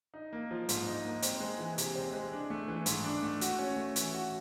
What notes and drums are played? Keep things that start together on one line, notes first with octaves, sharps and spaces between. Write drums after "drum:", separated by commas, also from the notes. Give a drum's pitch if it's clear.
D#4
A#3
F3
G#2, drum: hi-hat
D#4
A#3
C4, drum: hi-hat
G#3
E3
C3, drum: hi-hat
C4
G#3
D4
A3
E3
G#2, drum: hi-hat
D4
A3
F#4, drum: hi-hat
C#4
A3
E3, drum: hi-hat
F#4